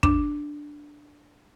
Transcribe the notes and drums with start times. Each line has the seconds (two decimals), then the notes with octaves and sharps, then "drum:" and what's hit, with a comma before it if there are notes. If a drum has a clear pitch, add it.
0.03 D4, drum: kick